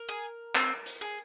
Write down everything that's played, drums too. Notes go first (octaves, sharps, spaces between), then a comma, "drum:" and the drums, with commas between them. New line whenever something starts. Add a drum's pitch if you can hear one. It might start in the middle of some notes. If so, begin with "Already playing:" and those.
Already playing: A#4
G#4
C4, drum: clap
drum: hi-hat
G#4